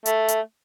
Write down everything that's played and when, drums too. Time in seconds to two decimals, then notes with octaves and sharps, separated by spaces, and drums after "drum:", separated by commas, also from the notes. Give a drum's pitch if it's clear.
0.06 A3, drum: hi-hat
0.28 drum: hi-hat